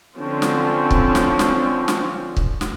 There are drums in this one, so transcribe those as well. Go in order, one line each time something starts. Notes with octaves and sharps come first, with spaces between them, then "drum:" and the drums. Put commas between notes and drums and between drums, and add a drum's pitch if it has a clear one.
D3 F3 C4 C#4
drum: snare
drum: kick C#1
drum: snare
drum: snare
drum: snare
drum: kick C#1
drum: snare